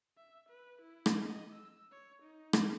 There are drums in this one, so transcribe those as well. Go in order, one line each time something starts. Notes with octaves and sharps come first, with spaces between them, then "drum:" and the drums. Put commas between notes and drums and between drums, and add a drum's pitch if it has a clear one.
E5
B4
E4
drum: rim click
D#5
E6
C#5
D#4
drum: rim click